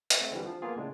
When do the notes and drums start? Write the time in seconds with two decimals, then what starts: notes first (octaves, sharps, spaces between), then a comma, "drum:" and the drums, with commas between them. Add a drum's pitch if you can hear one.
0.10 drum: hi-hat
0.20 G#3 A3 C4
0.32 D3 E3 F3 G3
0.46 F3
0.62 A#3 B3 F4 G#4
0.76 A2 C#3 G#3 D4